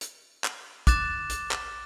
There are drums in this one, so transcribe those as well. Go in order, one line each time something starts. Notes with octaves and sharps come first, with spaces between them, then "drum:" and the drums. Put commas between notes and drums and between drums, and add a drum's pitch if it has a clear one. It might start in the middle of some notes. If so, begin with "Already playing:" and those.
drum: hi-hat
drum: clap
D6 F#6 A6 E7, drum: kick, hi-hat
drum: hi-hat
drum: clap